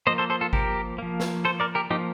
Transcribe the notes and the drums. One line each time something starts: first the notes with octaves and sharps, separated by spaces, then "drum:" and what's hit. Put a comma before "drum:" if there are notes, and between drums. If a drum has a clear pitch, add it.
F3 A#3 C5 D#5
A4 C5
A4 C5
F4 A4
G4 A#4, drum: kick G#1
F3 A#3
drum: snare
A4 C5
A#4 D5
G4 A#4
F3 A#3 D#4 G4